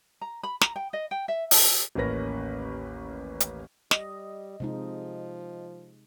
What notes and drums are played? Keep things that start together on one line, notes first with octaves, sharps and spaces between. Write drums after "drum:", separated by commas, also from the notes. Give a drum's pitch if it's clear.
A#5
B5
A#5, drum: snare
G5
D#5
G5
E5
D#4, drum: open hi-hat
A1 D#2 C#4 A#4 B4 A#6
drum: hi-hat
G3 D#5, drum: snare
C3 F3 G#3 D#4